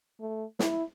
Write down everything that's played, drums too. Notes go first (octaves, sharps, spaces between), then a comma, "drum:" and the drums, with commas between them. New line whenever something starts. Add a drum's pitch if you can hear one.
A3
E4, drum: snare